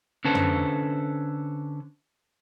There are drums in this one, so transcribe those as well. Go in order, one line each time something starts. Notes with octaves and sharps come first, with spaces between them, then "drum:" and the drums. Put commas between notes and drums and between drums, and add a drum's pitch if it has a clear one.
D3 C#4 A4 B4 C5
drum: tom